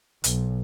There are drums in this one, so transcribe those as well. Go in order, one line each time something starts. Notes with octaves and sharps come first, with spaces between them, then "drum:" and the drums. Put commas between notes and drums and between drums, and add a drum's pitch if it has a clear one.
B1, drum: hi-hat